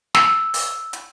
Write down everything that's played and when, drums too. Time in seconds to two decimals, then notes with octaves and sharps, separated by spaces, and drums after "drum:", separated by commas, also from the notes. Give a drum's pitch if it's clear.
0.14 E6, drum: snare
0.54 drum: open hi-hat
0.93 drum: hi-hat